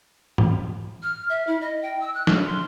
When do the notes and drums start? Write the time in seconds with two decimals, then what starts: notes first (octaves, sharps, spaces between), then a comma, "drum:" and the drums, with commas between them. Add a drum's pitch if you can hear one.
0.38 drum: tom
1.03 F6
1.29 E5
1.47 E4
1.61 D#5
1.82 G5
2.01 E6
2.15 F#6
2.27 F6, drum: snare
2.46 C6